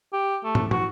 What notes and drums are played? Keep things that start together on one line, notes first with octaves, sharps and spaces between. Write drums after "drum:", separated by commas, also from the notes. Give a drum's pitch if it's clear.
G4
A3
drum: tom
F#4, drum: tom